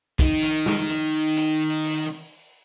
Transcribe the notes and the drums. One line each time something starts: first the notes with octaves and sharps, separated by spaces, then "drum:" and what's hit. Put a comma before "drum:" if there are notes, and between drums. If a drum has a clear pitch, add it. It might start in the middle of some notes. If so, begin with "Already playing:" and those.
D#3 D#4, drum: kick A#1
drum: hi-hat
drum: snare
drum: hi-hat
drum: hi-hat
drum: open hi-hat